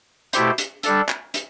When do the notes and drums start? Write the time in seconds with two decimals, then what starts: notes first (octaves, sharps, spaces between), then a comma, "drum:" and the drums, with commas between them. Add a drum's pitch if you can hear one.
0.33 B2 A3 E4 G4 C5, drum: hi-hat
0.58 drum: hi-hat
0.83 G3 D4 A4, drum: hi-hat
1.09 drum: clap
1.34 drum: hi-hat